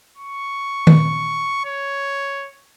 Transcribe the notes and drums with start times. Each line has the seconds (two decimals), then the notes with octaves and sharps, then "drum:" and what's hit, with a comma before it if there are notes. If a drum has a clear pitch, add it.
0.17 C#6
0.87 drum: tom D#3
1.65 C#5